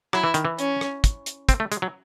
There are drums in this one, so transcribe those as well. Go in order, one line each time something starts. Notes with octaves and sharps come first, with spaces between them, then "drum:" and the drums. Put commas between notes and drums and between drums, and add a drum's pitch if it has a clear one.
F#3 E4, drum: rim click
E3
D#3, drum: hi-hat
E3
C#4, drum: hi-hat
drum: rim click
drum: kick, hi-hat
drum: hi-hat
C4, drum: kick, hi-hat
A3
G#3, drum: hi-hat
F#3